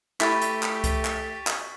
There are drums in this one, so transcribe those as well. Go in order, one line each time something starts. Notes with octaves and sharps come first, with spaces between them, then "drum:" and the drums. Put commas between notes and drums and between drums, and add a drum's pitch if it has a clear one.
A3 E4 G4 C#6 A6 B6, drum: clap
drum: hi-hat
drum: clap
drum: kick C2, hi-hat
drum: clap
drum: clap